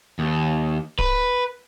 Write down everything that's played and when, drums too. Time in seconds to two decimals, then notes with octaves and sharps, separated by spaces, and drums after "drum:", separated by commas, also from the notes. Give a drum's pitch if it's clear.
0.19 D#2
0.99 B4, drum: kick D1